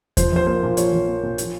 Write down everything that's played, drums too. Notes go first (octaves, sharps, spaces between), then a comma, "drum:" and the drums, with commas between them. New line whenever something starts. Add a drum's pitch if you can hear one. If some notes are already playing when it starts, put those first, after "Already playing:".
F3 C5, drum: kick E2, hi-hat
A#1 C5
A#3 C5
A#2
F3 C#5, drum: hi-hat
A#1
A#3
A#2
F3, drum: hi-hat